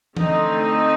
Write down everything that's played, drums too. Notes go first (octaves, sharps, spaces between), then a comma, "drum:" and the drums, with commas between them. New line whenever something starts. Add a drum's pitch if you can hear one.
D3 A3 C4 D#4, drum: tom E3